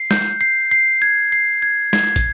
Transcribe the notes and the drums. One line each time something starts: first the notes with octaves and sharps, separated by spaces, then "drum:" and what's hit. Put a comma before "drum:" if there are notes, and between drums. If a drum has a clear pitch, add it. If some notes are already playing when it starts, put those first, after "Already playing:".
Already playing: C7
G6, drum: snare
C7
C7
G#6
C7
G#6
G#6, drum: snare
drum: kick, hi-hat